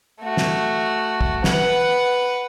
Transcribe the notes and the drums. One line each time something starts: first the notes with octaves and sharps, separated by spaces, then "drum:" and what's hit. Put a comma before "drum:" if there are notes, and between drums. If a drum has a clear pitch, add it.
A3 F#4
drum: snare
drum: kick
B4 F#5, drum: snare